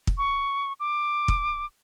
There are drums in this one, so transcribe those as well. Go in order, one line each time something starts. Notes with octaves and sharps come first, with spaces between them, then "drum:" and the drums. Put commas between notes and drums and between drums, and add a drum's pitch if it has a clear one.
drum: kick
C#6
D6
drum: kick